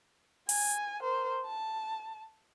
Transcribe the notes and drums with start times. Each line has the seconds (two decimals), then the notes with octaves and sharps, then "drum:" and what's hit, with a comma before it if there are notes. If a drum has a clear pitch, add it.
0.49 G#5, drum: open hi-hat
1.01 A#4 C5
1.46 A5